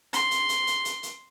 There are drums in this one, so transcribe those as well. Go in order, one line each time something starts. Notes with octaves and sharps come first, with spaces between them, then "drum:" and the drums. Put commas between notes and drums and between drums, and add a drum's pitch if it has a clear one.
C6, drum: hi-hat
drum: hi-hat
drum: hi-hat
drum: hi-hat
drum: hi-hat
drum: hi-hat